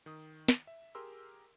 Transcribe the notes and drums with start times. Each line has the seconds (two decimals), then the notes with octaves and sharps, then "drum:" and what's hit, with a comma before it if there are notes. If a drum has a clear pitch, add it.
0.06 D#3 D#6
0.48 drum: snare
0.67 E5
0.95 G4 G#4 A#4 C6 E6